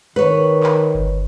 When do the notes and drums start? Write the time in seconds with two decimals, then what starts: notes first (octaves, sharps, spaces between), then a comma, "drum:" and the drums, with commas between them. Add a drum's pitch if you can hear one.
0.16 D#3 B4 C#5
0.63 drum: clap
0.95 drum: kick G1